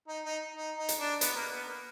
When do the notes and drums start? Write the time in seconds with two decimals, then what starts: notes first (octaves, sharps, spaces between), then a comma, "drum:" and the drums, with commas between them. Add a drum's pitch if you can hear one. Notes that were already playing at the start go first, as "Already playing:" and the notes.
0.08 D#4
0.25 D#4
0.56 D#4
0.78 D#4
0.89 drum: hi-hat
1.00 D4
1.21 B3, drum: hi-hat
1.36 A#3
1.53 B3
1.68 A#3